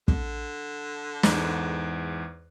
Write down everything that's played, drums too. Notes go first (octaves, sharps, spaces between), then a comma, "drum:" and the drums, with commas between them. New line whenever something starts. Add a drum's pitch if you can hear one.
D3, drum: kick
E2 G#2, drum: snare